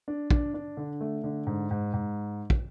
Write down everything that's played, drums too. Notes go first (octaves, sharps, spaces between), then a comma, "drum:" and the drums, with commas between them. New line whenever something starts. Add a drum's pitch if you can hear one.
D4
D4, drum: kick
D4
D3
A3
D3
G#2
G#2
G#2
drum: kick